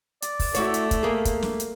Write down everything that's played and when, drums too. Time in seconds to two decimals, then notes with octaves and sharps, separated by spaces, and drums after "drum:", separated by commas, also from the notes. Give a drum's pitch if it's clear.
0.22 D5, drum: hi-hat
0.39 drum: kick, open hi-hat
0.55 A3 E4 F#4 C#5, drum: hi-hat
0.74 drum: hi-hat
0.91 drum: kick, hi-hat
1.03 A#3 G#4
1.25 drum: kick, hi-hat
1.42 drum: snare
1.60 drum: hi-hat